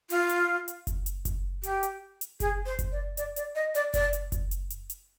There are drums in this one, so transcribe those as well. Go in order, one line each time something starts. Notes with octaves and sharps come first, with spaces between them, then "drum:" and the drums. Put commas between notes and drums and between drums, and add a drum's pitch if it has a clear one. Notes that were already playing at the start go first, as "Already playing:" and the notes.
F4, drum: hi-hat
drum: hi-hat
drum: hi-hat
drum: kick F#1, hi-hat
drum: hi-hat
drum: kick F#1, hi-hat
G4, drum: hi-hat
drum: hi-hat
drum: hi-hat
G#4, drum: kick F#1, hi-hat
C5
drum: kick F#1, hi-hat
D5
D5, drum: hi-hat
D5, drum: hi-hat
D#5
D5, drum: hi-hat
D5, drum: kick F#1, hi-hat
drum: hi-hat
drum: kick F#1, hi-hat
drum: hi-hat
drum: hi-hat
drum: hi-hat